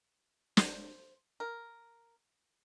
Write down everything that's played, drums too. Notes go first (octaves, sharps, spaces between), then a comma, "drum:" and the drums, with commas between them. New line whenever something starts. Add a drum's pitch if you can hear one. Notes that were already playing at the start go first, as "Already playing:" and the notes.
C5, drum: snare
A#4